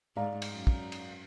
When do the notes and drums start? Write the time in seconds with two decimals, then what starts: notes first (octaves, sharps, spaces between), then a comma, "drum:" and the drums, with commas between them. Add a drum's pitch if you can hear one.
0.17 G#2 D5 F5 A#5
0.42 drum: cymbal
0.51 F#2
0.67 drum: kick
0.92 drum: cymbal